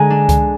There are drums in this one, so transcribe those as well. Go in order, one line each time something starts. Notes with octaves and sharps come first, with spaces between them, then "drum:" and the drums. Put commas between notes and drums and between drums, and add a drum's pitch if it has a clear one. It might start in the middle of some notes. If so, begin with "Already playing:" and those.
Already playing: D3 G#3 D5 G#5 A#5
D4
drum: kick C#2, hi-hat